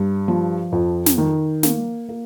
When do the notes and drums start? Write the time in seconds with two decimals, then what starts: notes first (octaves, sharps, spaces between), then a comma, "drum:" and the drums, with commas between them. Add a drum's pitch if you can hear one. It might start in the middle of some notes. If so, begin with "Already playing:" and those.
Already playing: G2
0.28 F3
0.72 F2
1.06 drum: snare
1.18 D#3
1.63 A#3, drum: snare
2.09 A#3